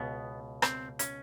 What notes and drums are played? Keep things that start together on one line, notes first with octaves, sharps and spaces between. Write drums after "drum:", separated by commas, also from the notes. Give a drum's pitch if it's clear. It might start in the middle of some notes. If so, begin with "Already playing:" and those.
Already playing: C#2 B2 B3
C4, drum: rim click
C#4, drum: hi-hat